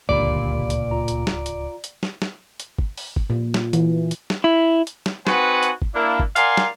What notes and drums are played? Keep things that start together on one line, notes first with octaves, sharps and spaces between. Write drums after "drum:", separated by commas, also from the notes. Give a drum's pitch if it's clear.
D1 G1 C#2 A#2 D4 G4 D5 B5
drum: hi-hat
F4 A#5
drum: hi-hat
drum: snare
drum: hi-hat
drum: hi-hat
drum: snare
drum: snare
drum: hi-hat
drum: kick
drum: open hi-hat
drum: kick
A#2
drum: snare
E3, drum: hi-hat
drum: hi-hat
drum: snare
E4
drum: hi-hat
drum: snare
C4 D#4 F#4 B4 F#5 G#5, drum: snare
drum: hi-hat
drum: kick
A#3 D4 E4
drum: kick
A#4 D5 F5 F#5 G#5 C6, drum: hi-hat
drum: snare